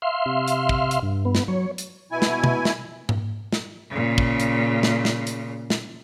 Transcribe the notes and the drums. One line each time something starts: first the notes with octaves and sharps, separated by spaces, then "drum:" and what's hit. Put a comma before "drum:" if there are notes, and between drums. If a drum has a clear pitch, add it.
E5 F5 C6
C3
drum: hi-hat
drum: kick
drum: hi-hat
G2
B3
drum: snare
F#3 C#5
drum: hi-hat
B2 E4 G#5
drum: snare
drum: tom B2
drum: snare
drum: tom G#2
drum: snare
A#2 C#3
drum: kick
drum: hi-hat
drum: snare
drum: snare
drum: hi-hat
drum: snare